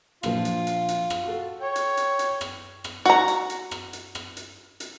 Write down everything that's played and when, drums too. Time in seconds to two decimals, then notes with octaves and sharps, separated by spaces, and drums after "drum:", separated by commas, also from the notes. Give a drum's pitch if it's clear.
0.23 A#1 F3 F4, drum: rim click
0.45 drum: hi-hat
0.67 drum: hi-hat
0.88 drum: hi-hat
1.10 drum: rim click
1.23 F#4 A4
1.60 C#5 G5
1.75 drum: hi-hat
1.97 drum: hi-hat
2.19 drum: hi-hat
2.41 drum: rim click
2.84 drum: rim click
3.05 F#4 A#5, drum: hi-hat
3.28 drum: hi-hat
3.50 drum: hi-hat
3.71 drum: rim click
3.93 drum: hi-hat
4.15 drum: rim click
4.37 drum: hi-hat
4.80 drum: hi-hat